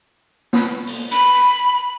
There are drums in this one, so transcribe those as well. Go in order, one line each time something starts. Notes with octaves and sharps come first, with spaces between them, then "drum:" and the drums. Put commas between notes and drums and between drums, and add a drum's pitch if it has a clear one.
drum: snare
drum: open hi-hat
B5, drum: hi-hat